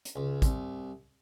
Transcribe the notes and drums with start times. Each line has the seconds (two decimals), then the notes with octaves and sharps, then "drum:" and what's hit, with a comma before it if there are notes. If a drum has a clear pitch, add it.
0.05 drum: hi-hat
0.16 C#2
0.42 C2, drum: kick, hi-hat